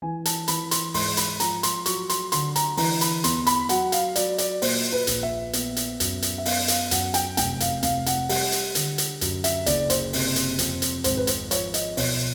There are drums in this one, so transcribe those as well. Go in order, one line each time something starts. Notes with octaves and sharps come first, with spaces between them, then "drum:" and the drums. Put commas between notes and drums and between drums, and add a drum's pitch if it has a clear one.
E3 G#5
A5, drum: hi-hat
E3 B5, drum: hi-hat
C6, drum: hi-hat
G#2 C6, drum: open hi-hat
B5, drum: hi-hat
F3 A#5, drum: hi-hat
C6, drum: hi-hat
F#3 C#6, drum: hi-hat
C6, drum: hi-hat
D3 C6, drum: hi-hat
A#5, drum: hi-hat
E3 A#5, drum: open hi-hat
B5, drum: hi-hat
E2 C6, drum: hi-hat
B5, drum: hi-hat
F#3 F#5, drum: hi-hat
F5, drum: hi-hat
F#3 D5, drum: hi-hat
D5, drum: hi-hat
A#2 C5, drum: open hi-hat
B4
A#1, drum: hi-hat
E5
B3, drum: hi-hat
drum: hi-hat
F#2, drum: hi-hat
drum: hi-hat
E5
B3 F5, drum: open hi-hat
F5, drum: hi-hat
F#2 F#5, drum: hi-hat
G5, drum: hi-hat
F1 G5, drum: hi-hat
F5, drum: hi-hat
F1 F5, drum: hi-hat
F#5, drum: hi-hat
G3 F#5, drum: open hi-hat
drum: hi-hat
D3, drum: hi-hat
drum: hi-hat
F#2, drum: hi-hat
E5, drum: hi-hat
F#1 D5, drum: hi-hat
C5, drum: hi-hat
C3, drum: open hi-hat
drum: hi-hat
F2, drum: hi-hat
drum: hi-hat
G#1 C5, drum: hi-hat
B4
C5, drum: hi-hat
F3 C#5, drum: hi-hat
D#5, drum: hi-hat
B1 C#5, drum: open hi-hat